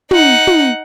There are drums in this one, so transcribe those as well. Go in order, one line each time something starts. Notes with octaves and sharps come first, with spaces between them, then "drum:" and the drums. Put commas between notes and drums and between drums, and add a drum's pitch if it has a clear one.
D#4 F#5, drum: tom
drum: tom